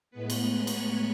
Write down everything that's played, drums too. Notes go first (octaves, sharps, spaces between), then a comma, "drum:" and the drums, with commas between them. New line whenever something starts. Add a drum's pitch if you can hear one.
A2 G#3 B3 B4
drum: cymbal
C#5, drum: cymbal